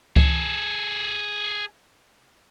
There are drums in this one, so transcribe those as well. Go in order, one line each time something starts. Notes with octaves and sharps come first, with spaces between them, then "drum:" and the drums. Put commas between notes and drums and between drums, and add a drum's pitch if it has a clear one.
G#4 A4, drum: kick C#2